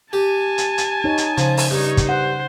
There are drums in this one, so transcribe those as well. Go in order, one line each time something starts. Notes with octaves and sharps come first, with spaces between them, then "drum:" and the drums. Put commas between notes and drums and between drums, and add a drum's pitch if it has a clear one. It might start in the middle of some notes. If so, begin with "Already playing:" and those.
G4 G#5 A5
drum: hi-hat
drum: hi-hat
D#4 C#5
drum: hi-hat
C#3 F3, drum: hi-hat
drum: open hi-hat
G2 D#4 C#5
drum: kick, hi-hat
C5 F#5